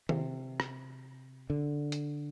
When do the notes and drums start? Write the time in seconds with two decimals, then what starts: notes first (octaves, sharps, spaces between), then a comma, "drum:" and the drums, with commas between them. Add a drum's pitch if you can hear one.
0.09 C3, drum: tom D#3
0.60 drum: rim click
1.50 D3
1.92 drum: hi-hat